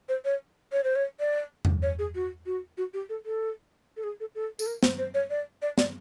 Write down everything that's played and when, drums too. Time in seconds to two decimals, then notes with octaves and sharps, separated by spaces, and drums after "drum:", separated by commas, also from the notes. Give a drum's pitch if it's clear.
0.09 C5
0.25 C#5
0.72 C#5
0.84 C5
0.96 C#5
1.20 D5
1.65 drum: tom E2
1.82 C#5
1.99 G#4
2.15 F#4
2.46 F#4
2.78 F#4
2.94 G4
3.09 A4
3.26 A4
3.97 A4
4.04 G#4
4.20 A4
4.35 A4
4.59 A4, drum: tambourine
4.67 A#4
4.83 C5, drum: snare
4.98 C5
5.14 C#5
5.30 D5
5.62 D5
5.78 D5, drum: snare